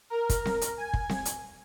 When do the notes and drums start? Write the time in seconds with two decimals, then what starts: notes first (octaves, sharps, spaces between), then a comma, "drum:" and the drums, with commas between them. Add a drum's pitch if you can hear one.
0.10 A#4
0.30 drum: kick, hi-hat
0.45 drum: snare C4
0.61 drum: hi-hat
0.77 G#5
0.93 drum: kick
1.09 drum: snare C4
1.25 drum: hi-hat